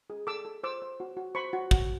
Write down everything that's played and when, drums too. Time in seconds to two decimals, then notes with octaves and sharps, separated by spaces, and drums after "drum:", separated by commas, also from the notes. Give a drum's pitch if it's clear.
0.10 G#4
0.27 A4 D6 E6
0.45 A4
0.64 C5 D6 E6
0.82 C5
1.00 F#4
1.17 F#4
1.35 C5 B5 C#6
1.53 F#4
1.71 F#4, drum: kick